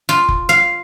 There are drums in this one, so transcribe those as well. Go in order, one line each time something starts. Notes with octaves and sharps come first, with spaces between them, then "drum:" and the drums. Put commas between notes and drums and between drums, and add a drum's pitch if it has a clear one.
F4
drum: kick F1
F5